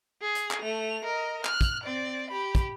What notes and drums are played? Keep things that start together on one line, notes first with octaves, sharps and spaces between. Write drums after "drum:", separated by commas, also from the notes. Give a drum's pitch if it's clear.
G#4
drum: hi-hat
drum: clap
A3 F7
A#4 D#5
F6 F#6, drum: clap
drum: kick, hi-hat
C4 D5
G4 B5
drum: kick, hi-hat